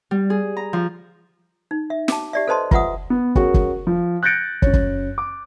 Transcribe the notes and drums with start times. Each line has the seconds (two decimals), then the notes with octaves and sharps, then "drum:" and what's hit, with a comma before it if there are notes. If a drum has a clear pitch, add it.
0.11 G3
0.30 G#4
0.57 A#5
0.73 F3
1.71 D#4
1.90 E5
2.08 A5 D6, drum: snare
2.33 G4 D5 E5
2.47 A4 B4 C5 D#5 A5 C6
2.71 F4 B4 E5 F#5 D#6, drum: kick
3.10 B3
3.35 C#4 F#4 G#4 A#4, drum: kick
3.54 drum: kick
3.87 F3
4.23 F#6 G6 A6 A#6 C#7 D7
4.62 F#2 C#5, drum: kick
4.73 drum: kick
5.18 D6